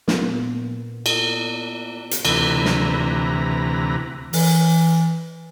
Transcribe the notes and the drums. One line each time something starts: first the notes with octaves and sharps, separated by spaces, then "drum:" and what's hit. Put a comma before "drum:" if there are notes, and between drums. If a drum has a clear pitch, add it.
A#2 A#3 B3, drum: snare
drum: cymbal
drum: hi-hat
D2 C3 E3 B4 A#5, drum: cymbal
drum: snare
E3, drum: open hi-hat